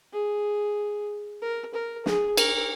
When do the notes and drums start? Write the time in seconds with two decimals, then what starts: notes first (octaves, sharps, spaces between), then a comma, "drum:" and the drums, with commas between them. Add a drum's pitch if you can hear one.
0.13 G#4
1.42 A#4
1.74 A#4
2.06 G#4, drum: snare
2.37 A#4, drum: cymbal